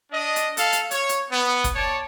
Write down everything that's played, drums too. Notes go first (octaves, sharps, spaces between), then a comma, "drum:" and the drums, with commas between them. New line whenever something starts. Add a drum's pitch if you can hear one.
D4 D#5
drum: hi-hat
A4 F5, drum: hi-hat
drum: hi-hat
C#5, drum: hi-hat
drum: hi-hat
B3
drum: kick, hi-hat
C#5 D5 A5